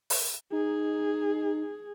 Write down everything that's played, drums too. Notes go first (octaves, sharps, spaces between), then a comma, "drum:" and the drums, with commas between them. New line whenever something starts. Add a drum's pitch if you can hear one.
drum: open hi-hat
D#4 G#4